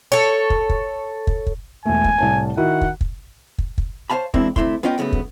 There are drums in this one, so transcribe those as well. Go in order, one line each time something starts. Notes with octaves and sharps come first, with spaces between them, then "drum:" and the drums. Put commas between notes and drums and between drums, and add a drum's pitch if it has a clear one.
A4 C#5
drum: kick
drum: kick
drum: kick
drum: kick
E1 A3 G#5
drum: kick
C2 A2 A5
D#3 E4 F#4 F#5
drum: kick
drum: kick
drum: kick
drum: kick
C5 C#5 F5 A5 B5
E2 G#3 A#3 C4 D4 E4, drum: kick
D2 C3 A3 E4 C6, drum: kick
B3 C#4 F4 D#5 G5
B1 C#3 F#3 A3 B3
drum: kick